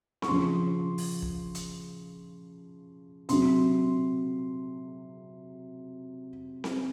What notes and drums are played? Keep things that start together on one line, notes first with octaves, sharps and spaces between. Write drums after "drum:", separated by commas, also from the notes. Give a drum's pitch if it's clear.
C#6, drum: snare C4
C#3 F3 C6
drum: open hi-hat
drum: kick
drum: hi-hat
C3 F#3 C6, drum: hi-hat
drum: snare C4